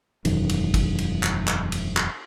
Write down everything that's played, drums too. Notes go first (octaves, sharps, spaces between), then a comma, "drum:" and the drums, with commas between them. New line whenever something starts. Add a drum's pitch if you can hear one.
E1 F#2 D#3, drum: cymbal
drum: cymbal
drum: kick, cymbal
drum: cymbal
drum: clap
drum: clap
drum: cymbal
drum: clap